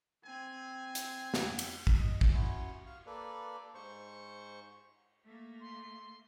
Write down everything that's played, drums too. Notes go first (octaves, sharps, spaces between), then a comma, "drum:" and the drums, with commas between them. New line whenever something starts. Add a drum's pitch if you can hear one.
C4 G#5
drum: hi-hat
drum: snare
drum: cymbal
drum: kick
D#5
G#4 E5, drum: kick
C#4 E4 F#4 C#5 C6 C#6
F5 C#6
A#3 A4 B4 D5
G#2 C5 C#6
A3 A#3
C6